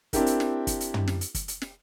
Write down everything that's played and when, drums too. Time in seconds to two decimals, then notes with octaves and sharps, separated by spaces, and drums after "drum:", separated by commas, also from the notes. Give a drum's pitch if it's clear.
0.13 C4 D4 E4 G4 A#4, drum: kick, hi-hat
0.26 drum: hi-hat
0.40 drum: snare
0.67 drum: kick, hi-hat
0.80 drum: hi-hat
0.94 drum: tom
1.07 drum: snare
1.21 drum: hi-hat
1.35 drum: kick, hi-hat
1.48 drum: hi-hat
1.62 drum: snare